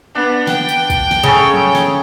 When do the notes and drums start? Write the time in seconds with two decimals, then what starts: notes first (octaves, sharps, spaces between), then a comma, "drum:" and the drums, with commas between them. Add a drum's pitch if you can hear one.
0.15 B3 D4
0.47 G5, drum: snare
0.69 drum: tambourine
0.90 drum: kick, tambourine
1.11 drum: snare
1.23 C#3 G#4 A4 C#5
1.53 drum: tom F3
1.75 drum: snare